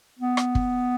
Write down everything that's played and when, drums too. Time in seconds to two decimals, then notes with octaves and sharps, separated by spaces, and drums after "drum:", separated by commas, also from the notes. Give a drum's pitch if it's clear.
0.19 B3
0.37 drum: rim click
0.55 drum: kick